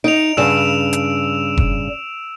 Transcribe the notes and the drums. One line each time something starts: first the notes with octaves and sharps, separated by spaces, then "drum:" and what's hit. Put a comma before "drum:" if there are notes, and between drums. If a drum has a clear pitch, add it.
D#4 D7 F7
G2 C#3 E6 E7
drum: hi-hat
drum: kick F1